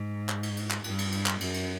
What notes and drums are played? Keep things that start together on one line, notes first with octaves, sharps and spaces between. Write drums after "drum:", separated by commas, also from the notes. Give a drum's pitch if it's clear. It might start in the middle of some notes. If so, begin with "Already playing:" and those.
Already playing: G#2
drum: clap
drum: cymbal
drum: cymbal
drum: clap
G2, drum: cymbal
drum: cymbal
drum: cymbal
drum: clap
F#2, drum: cymbal
drum: cymbal